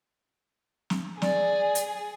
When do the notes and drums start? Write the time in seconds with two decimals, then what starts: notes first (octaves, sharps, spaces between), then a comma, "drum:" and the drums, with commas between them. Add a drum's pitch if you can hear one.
0.90 drum: snare
1.22 G#4 D5, drum: snare
1.75 drum: hi-hat